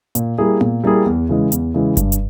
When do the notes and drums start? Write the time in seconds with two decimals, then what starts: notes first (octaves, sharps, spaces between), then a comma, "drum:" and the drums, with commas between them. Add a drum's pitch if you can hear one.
0.15 A#2, drum: hi-hat
0.38 G3 A#3 E4 G#4
0.61 A#2, drum: tom B3
0.84 G3 A#3 E4 G#4
1.06 E2
1.29 C#3 E3 G#3
1.52 E2, drum: hi-hat
1.74 C#3 E3 G#3
1.97 G2, drum: kick F#1, hi-hat
2.12 drum: hi-hat